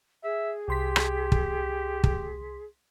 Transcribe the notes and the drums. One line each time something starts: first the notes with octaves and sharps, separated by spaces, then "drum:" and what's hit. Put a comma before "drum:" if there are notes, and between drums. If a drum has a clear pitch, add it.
G#4 E5
C2 G4 C6 B6
drum: rim click
drum: kick
drum: kick